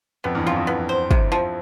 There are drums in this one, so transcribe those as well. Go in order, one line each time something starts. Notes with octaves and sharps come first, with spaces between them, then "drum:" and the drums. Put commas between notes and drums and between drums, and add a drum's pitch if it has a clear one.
F2 B3
E2 G2
F2 F4
E2
E2 B3
C5
C3, drum: kick
F3